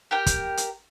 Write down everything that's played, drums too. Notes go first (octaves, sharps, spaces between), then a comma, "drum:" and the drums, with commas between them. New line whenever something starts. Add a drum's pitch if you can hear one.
G4 A#4 G5
drum: kick, hi-hat
drum: hi-hat